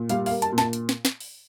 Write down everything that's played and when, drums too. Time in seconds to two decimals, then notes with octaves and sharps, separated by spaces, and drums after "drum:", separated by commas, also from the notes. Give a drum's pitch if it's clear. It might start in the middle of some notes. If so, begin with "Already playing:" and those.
Already playing: A#2
0.09 G3 F5, drum: hi-hat
0.26 F5, drum: open hi-hat
0.31 A#3
0.42 A5, drum: hi-hat
0.52 A#2
0.58 A5, drum: snare
0.73 drum: hi-hat
0.89 drum: snare
1.05 drum: snare
1.20 drum: open hi-hat